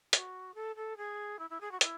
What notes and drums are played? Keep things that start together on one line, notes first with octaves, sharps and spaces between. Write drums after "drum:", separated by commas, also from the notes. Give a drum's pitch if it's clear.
F#4, drum: hi-hat
A4
A4
G#4
E4
E4
G#4
F#4
E4, drum: hi-hat